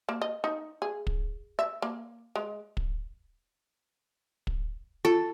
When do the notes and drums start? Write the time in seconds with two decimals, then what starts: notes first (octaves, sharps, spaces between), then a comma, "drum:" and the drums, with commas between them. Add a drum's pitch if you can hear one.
0.09 A#3
0.22 D#5
0.44 D#4
0.82 G#4
1.07 drum: kick
1.59 E5
1.82 A#3
2.36 G#3
2.77 drum: kick
4.47 drum: kick
5.05 F4 A4